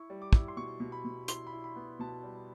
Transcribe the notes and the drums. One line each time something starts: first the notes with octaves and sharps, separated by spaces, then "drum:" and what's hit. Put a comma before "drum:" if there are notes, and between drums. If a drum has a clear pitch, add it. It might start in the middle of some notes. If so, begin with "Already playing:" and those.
Already playing: E4 C#6
G3
D6
E4, drum: kick
C6
B2 C#6
B2
B5
B2
E4 C6, drum: hi-hat
B5
E4
B5
B3
B2 A5
G3